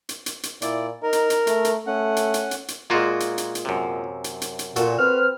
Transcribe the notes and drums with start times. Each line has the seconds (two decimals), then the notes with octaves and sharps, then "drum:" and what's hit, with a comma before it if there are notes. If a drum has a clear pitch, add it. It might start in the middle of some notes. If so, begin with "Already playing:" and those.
0.09 drum: hi-hat
0.26 drum: hi-hat
0.43 drum: hi-hat
0.62 A#2 E4 D5, drum: hi-hat
1.03 D#4 A#4
1.13 drum: hi-hat
1.30 drum: hi-hat
1.47 A3, drum: hi-hat
1.65 drum: hi-hat
1.87 A3 C#4 F#5
2.16 drum: hi-hat
2.34 drum: hi-hat
2.51 drum: hi-hat
2.68 drum: hi-hat
2.90 A#2 G#3 A#3 F4 F#4
3.20 drum: hi-hat
3.38 drum: hi-hat
3.55 drum: hi-hat
3.65 F#2 C3
4.24 drum: hi-hat
4.41 drum: hi-hat
4.59 drum: hi-hat
4.76 A#2 F#4 A4 A#4, drum: hi-hat
4.99 C4 B4 F6